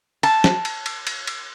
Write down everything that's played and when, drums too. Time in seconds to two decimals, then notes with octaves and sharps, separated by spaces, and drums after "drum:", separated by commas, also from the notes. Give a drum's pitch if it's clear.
0.23 A5, drum: cymbal
0.44 drum: snare
0.65 drum: cymbal
0.86 drum: cymbal
1.07 drum: cymbal
1.27 drum: cymbal